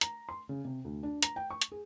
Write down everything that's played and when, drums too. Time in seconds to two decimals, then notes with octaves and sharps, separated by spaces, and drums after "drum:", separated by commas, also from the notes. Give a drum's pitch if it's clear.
0.01 A#5, drum: hi-hat
0.29 C6
0.49 C#3
0.65 C3
0.85 D2
1.03 D4
1.22 A#5, drum: hi-hat
1.36 G5
1.51 C#6
1.62 drum: hi-hat
1.72 G#4